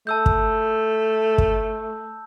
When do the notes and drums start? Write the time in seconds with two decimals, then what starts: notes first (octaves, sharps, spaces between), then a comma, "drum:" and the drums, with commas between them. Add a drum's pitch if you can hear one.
0.07 A3 A5 E6 G6
0.26 drum: kick
1.38 drum: kick